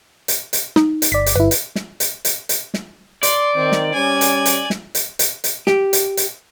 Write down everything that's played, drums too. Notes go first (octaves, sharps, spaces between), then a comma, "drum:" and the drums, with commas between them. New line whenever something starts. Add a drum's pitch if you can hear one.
drum: hi-hat
drum: hi-hat
D#4, drum: snare
drum: hi-hat
G1 D5 B6
drum: hi-hat
G1 E4 B4
drum: hi-hat
drum: snare
drum: hi-hat
drum: hi-hat
drum: hi-hat
drum: snare
D5 C6, drum: hi-hat
D#3 C4
drum: snare
G3 C#4 G#5
drum: hi-hat
drum: hi-hat
drum: snare
drum: hi-hat
drum: hi-hat
drum: hi-hat
G4, drum: snare
drum: hi-hat
drum: hi-hat